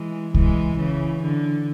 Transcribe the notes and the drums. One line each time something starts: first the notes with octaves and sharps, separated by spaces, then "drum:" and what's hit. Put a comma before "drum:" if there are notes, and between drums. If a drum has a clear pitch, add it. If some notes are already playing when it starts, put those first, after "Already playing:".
Already playing: E3 G#3
E3 G#3, drum: kick C2
C#3 E3
D3